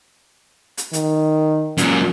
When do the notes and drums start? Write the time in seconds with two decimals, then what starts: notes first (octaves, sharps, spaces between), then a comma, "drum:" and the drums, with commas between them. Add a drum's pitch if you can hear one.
0.78 drum: hi-hat
0.93 D#3, drum: hi-hat
1.78 F#2 A#2, drum: hi-hat